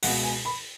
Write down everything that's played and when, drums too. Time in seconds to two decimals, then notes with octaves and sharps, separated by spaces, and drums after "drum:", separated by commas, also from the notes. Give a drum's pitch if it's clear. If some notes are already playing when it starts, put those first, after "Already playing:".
0.03 C#2 B2 F#5, drum: open hi-hat
0.23 G#5
0.45 B5